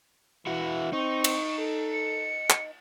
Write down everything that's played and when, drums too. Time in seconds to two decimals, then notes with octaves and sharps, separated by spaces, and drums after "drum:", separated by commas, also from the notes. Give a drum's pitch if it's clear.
0.47 E3 E4 F#4
0.93 C4 D#4 C#6
1.24 drum: cymbal
1.59 A4
1.93 C#7
2.50 drum: clap